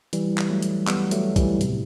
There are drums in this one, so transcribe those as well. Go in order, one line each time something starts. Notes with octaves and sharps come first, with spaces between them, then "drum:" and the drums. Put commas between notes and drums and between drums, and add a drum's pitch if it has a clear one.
E3 G3, drum: hi-hat
drum: clap
F#3 A3
drum: hi-hat
G3 B3, drum: clap
F#3 A3, drum: hi-hat
E3 G3, drum: kick, hi-hat
A2 C3, drum: hi-hat